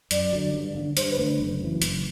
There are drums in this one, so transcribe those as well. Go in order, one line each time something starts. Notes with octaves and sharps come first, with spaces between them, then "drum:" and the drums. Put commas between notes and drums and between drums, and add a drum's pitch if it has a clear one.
F#2 D5, drum: hi-hat
D3 F#3
G2
D3 A3 D4
G2 C5, drum: hi-hat
B4
D3 A3 D4
F#1
F#2 E3
F#1, drum: hi-hat